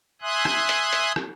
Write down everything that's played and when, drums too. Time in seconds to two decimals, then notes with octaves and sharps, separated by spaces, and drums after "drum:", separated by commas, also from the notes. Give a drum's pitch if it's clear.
0.22 E5 G#5 C6 D#6 F#6
0.45 drum: rim click
0.69 drum: hi-hat
0.93 drum: hi-hat
1.16 drum: rim click